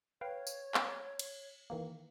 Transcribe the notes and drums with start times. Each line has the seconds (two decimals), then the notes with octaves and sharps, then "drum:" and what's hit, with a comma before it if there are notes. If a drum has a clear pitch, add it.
0.21 B4 C#5 F5 G5
0.47 drum: tambourine
0.74 drum: clap
1.19 drum: cymbal
1.70 D#3 E3 A#3